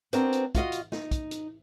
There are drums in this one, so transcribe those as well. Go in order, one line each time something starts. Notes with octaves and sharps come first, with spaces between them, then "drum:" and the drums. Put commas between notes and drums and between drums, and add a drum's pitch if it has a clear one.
B3 C4 D4 F#4 A#4 C5, drum: hi-hat
drum: hi-hat
F4 F#4 D#5 F5, drum: kick, hi-hat
drum: hi-hat
D#4, drum: snare
drum: kick, hi-hat
drum: hi-hat